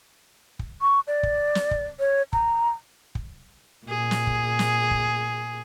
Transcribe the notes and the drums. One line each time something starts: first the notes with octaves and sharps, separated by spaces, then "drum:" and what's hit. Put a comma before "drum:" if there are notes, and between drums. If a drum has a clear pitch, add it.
drum: kick
C#6
D5
drum: kick
drum: snare
drum: kick
C#5
A#5, drum: kick
drum: kick
A#2 G#4
drum: snare
drum: kick
drum: snare
drum: kick